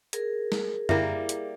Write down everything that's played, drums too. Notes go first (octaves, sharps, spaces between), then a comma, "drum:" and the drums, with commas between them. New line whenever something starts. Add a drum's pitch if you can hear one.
G#4 A#4, drum: hi-hat
drum: snare
G3 A#3 E4 F4 E5, drum: tom
drum: hi-hat